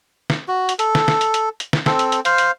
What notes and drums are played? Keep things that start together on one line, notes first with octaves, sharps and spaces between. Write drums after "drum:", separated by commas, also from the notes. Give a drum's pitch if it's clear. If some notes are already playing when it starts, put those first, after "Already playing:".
drum: snare
F#4
drum: hi-hat
A4, drum: hi-hat
drum: snare
drum: snare
drum: hi-hat
drum: hi-hat
drum: hi-hat
drum: snare
C4 A4, drum: snare
drum: hi-hat
drum: hi-hat
C5 F5, drum: hi-hat
drum: hi-hat